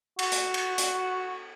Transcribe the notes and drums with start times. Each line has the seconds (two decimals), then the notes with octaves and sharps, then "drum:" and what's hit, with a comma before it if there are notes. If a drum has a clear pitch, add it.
0.19 F#4, drum: cymbal
0.32 drum: hi-hat
0.54 drum: cymbal
0.78 drum: hi-hat